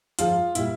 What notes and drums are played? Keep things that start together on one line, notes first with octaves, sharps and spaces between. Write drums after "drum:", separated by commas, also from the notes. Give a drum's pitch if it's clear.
G#2 F3 G#3 F4, drum: hi-hat
A#2 G3 E4, drum: hi-hat